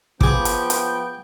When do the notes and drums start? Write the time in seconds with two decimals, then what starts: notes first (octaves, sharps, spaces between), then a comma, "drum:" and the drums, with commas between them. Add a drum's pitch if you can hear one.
0.21 F3 B3 G#4 G5 D6, drum: kick
0.45 drum: hi-hat
0.70 drum: hi-hat